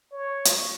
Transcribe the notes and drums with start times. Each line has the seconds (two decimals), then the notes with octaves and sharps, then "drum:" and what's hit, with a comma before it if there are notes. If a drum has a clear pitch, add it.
0.12 C#5
0.45 drum: hi-hat